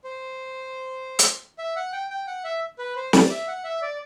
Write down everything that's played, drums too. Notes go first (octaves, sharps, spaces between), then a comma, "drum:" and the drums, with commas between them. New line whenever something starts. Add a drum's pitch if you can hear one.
C5
drum: hi-hat
E5
F#5
G5
G5
F#5
E5
B4
C5
D5, drum: snare
E5
F#5
E5
D5